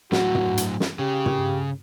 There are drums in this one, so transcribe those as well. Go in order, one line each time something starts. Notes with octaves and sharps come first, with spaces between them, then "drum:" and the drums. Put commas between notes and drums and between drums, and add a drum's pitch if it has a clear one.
A2 F#3 F#4, drum: snare
drum: tom
drum: hi-hat
drum: snare
C#3 G4
drum: tom